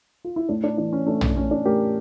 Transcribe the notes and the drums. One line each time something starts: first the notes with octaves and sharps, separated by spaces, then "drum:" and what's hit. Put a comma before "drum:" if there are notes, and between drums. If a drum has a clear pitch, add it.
F4
E4
A2 D4
D4
E3 D4
C#4
A3 D4
drum: tom
A2 C#4
D4
A2 G4 A#4